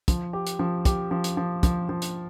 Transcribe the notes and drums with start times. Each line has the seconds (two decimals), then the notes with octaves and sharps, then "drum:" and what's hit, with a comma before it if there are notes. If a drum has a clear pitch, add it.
0.08 F3, drum: kick, hi-hat
0.33 G4
0.47 drum: hi-hat
0.59 F3
0.85 G4, drum: kick, hi-hat
1.11 F3
1.24 drum: hi-hat
1.37 F3
1.63 F3, drum: kick, hi-hat
1.89 F3
2.02 drum: hi-hat